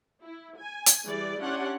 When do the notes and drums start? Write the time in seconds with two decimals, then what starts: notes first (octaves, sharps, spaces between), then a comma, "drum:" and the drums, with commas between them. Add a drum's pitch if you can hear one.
0.23 E4
0.60 G#5
0.86 drum: hi-hat
1.04 E3 G3 G#4 D5
1.41 C#4 D4 E4 G4 F#5 C6